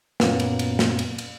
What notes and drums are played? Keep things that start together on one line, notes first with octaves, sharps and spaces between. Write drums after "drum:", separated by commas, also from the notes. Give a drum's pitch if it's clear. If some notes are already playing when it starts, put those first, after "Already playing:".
F#2 A#2 A#3 B3, drum: snare
drum: cymbal
drum: cymbal
drum: snare
drum: cymbal
drum: cymbal